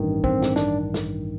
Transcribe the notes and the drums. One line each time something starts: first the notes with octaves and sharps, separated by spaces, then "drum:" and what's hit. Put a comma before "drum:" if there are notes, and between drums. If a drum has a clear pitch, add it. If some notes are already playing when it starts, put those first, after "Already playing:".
Already playing: A1 G2 D#3
C4, drum: kick
drum: snare
D4, drum: snare
drum: snare